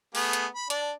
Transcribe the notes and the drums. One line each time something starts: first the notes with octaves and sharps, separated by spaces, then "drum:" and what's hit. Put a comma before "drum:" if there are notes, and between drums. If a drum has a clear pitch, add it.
A3 B3 G#4, drum: open hi-hat
drum: hi-hat
B5
D4 D5, drum: hi-hat